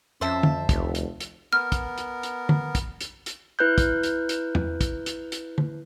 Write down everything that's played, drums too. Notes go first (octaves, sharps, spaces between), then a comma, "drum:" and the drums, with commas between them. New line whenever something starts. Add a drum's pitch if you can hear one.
F2 C#4 C5 E5 A5
drum: tom
F1 D2, drum: kick, hi-hat
drum: hi-hat
drum: hi-hat
B3 A#4 F6
drum: kick, hi-hat
drum: hi-hat
drum: hi-hat
drum: tom
drum: kick, hi-hat
drum: hi-hat
drum: hi-hat
E4 B4 F#6 G6
drum: kick, hi-hat
drum: hi-hat
drum: hi-hat
drum: tom
drum: kick, hi-hat
drum: hi-hat
drum: hi-hat
drum: tom